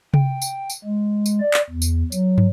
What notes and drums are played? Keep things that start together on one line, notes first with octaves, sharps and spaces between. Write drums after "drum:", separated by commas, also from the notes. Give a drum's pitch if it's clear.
G5, drum: tom C3
drum: tambourine
drum: tambourine
G#3
drum: tambourine
D5
drum: clap
E2
drum: tambourine
F#3, drum: tambourine
drum: tom